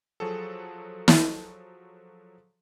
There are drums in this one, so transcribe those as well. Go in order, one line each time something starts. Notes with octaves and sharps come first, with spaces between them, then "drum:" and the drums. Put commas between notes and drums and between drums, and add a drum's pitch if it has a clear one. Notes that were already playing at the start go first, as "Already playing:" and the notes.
F3 F#3 F#4 G#4 A4
drum: snare